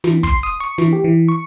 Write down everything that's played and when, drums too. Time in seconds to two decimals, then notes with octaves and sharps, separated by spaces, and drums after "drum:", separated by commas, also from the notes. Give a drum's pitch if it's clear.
0.04 E3, drum: snare
0.23 C6, drum: kick, open hi-hat
0.43 D#6, drum: hi-hat
0.60 C#6, drum: hi-hat
0.78 E3, drum: snare
0.93 G4
1.04 E3
1.28 C#6